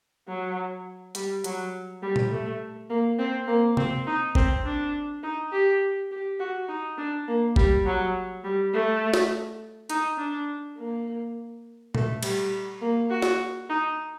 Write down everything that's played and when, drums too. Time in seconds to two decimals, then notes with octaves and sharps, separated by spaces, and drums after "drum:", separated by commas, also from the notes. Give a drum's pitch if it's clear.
0.28 F#3
1.15 G3, drum: hi-hat
1.44 F#3, drum: hi-hat
2.02 G3
2.16 drum: tom A#2
2.31 A3
2.90 A#3
3.19 C4
3.47 A#3
3.77 C4, drum: tom C3
4.07 D#4
4.35 C4, drum: kick
4.65 D4
5.23 D#4
5.52 G4
6.11 G4
6.40 F#4
6.68 D#4
6.98 D4
7.28 A#3
7.56 G3, drum: kick
7.86 F#3
8.44 G3
8.73 A3
9.14 drum: snare
9.89 D#4, drum: hi-hat
10.18 D4
10.77 A#3
11.95 A3, drum: tom A#2
12.23 G3, drum: cymbal
12.81 A#3
13.10 F#4
13.22 drum: snare
13.69 D#4